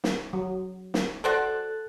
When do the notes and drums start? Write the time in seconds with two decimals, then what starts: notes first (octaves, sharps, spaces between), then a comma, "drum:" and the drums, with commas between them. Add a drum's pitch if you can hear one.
0.04 drum: snare
0.33 F#3
0.94 drum: snare
1.24 F#4 A4 C5 D5 F#6 A6